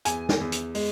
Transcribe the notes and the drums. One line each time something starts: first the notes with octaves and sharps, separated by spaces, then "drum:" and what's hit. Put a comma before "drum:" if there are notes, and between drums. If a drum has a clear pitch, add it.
E2 G#5, drum: hi-hat
drum: snare
E2
drum: hi-hat
G#3, drum: open hi-hat